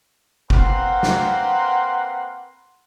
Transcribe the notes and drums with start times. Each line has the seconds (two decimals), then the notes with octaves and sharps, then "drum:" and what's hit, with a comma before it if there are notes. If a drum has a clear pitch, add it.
0.50 A#3 C4 B4 F#5 C6, drum: kick G1
1.03 drum: snare